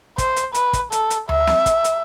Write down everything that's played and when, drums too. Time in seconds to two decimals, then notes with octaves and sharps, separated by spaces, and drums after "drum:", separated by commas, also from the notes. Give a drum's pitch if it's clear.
0.18 C5, drum: kick, hi-hat
0.36 drum: hi-hat
0.54 B4, drum: hi-hat
0.73 drum: kick, hi-hat
0.92 A4, drum: hi-hat
1.10 drum: hi-hat
1.29 E5, drum: tom D2
1.47 drum: snare
1.66 drum: kick, hi-hat
1.84 drum: hi-hat